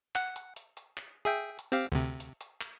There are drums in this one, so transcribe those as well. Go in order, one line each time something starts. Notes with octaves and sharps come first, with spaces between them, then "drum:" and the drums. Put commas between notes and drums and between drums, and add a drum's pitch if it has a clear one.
F#5, drum: clap
drum: hi-hat
drum: hi-hat
drum: hi-hat
drum: clap
G#4 E5 G5
drum: hi-hat
C4 G4 F5
D2 C3
drum: hi-hat
drum: hi-hat
drum: clap